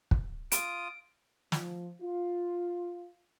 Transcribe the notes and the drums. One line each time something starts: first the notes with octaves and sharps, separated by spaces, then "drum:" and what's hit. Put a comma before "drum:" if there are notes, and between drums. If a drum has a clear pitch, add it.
drum: kick
F4 D#6 D7, drum: hi-hat
F3, drum: snare
F4